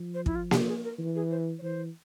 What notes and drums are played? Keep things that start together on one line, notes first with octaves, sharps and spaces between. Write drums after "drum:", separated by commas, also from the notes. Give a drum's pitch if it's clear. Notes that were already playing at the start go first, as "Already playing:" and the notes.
Already playing: F3
C5
E4, drum: kick
F4
G4, drum: snare A#3
G#4
A#4
E3
G#4
C5
C#5
E3 C5